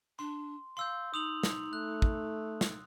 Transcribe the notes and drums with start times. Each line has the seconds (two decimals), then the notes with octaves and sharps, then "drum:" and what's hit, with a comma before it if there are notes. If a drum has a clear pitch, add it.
0.19 D4 C6
0.77 F5 C6 E6 G6
1.14 D#4 D#6 F7 F#7
1.43 drum: snare
1.73 A3 F#6
2.02 drum: kick
2.61 drum: snare